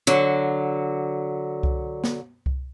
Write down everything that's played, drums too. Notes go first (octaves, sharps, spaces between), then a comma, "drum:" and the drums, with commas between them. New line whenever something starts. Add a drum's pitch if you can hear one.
D3 F#3, drum: hi-hat
drum: kick C2
drum: snare
drum: kick C2